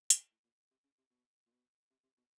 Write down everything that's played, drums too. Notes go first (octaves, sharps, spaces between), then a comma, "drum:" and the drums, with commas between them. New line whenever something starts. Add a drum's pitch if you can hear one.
A2, drum: hi-hat
A2
A#2
C3
C#3
C3
B2
A#2
B2
C3
C3
B2